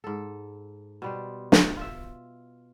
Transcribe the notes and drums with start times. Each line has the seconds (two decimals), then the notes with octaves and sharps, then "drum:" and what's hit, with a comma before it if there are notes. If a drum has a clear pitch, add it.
0.04 G#2 A4
1.02 B2 G3 C5
1.52 drum: snare
1.77 F4 E5